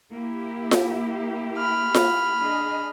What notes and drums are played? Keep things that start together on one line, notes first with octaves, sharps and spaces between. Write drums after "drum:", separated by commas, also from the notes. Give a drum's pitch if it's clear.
A#3 E4 G4
drum: snare F4
B5 F6
drum: snare F4
D4 G#4 D#5